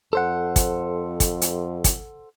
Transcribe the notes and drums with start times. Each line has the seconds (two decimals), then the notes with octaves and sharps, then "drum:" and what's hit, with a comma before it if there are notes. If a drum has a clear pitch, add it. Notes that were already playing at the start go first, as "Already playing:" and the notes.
0.13 F2 A4 C5 F#5
0.56 drum: kick, hi-hat
1.20 drum: kick, hi-hat
1.42 drum: hi-hat
1.84 drum: kick, hi-hat